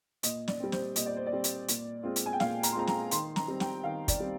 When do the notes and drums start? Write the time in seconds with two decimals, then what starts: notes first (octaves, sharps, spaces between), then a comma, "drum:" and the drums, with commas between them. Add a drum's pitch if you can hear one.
0.23 A#2 D#5, drum: hi-hat
0.48 D5, drum: snare
0.60 G3 C4
0.72 C5, drum: snare
0.96 A#2 D#5, drum: hi-hat
1.06 D5
1.17 C5
1.26 D5
1.32 G3 C4
1.44 drum: hi-hat
1.68 A#2, drum: hi-hat
2.03 G#3 C4 F4
2.16 drum: hi-hat
2.26 G#5
2.33 G5
2.40 A#2 F5, drum: snare
2.63 A#5, drum: hi-hat
2.72 C6
2.76 G#3 C4 F4 A#5
2.87 A#5, drum: snare
3.11 D#3 C6, drum: hi-hat
3.36 A#5, drum: snare
3.48 G3 C4
3.60 G5, drum: snare
3.84 D#3 F5
4.08 D5, drum: kick, hi-hat
4.20 G3 C4